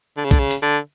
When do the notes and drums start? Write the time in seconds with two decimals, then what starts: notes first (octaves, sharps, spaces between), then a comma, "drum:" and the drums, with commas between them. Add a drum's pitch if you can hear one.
0.17 D3
0.25 C#3
0.31 D3, drum: kick B1, hi-hat
0.39 C#3
0.51 drum: hi-hat
0.62 D3